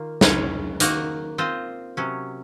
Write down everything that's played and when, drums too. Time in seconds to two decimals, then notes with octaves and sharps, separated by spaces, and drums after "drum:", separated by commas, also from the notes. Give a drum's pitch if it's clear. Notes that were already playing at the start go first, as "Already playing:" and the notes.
Already playing: D#3 A#3 F4
0.21 G#3 C#4 G#4 C#5, drum: snare
0.80 D#3 A#3 D#4 F#4, drum: hi-hat
1.38 C4 F4 C5 D#5
1.97 C3 F#3 C#4